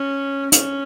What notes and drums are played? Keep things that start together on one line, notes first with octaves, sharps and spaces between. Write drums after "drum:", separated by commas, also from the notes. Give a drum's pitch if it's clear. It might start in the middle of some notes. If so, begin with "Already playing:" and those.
Already playing: C#4
C#4, drum: hi-hat